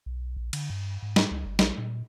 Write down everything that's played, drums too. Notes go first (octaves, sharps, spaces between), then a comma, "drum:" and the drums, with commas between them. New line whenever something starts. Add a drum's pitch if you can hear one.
B1
A#1
D3, drum: cymbal
G2
G#2
drum: snare
C#2
G1
A#1, drum: snare
A#2